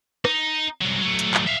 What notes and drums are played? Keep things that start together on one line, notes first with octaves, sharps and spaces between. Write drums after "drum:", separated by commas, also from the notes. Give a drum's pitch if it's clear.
D#4, drum: rim click
C2 F#3
F#3 A3
drum: hi-hat
drum: clap
E5 F5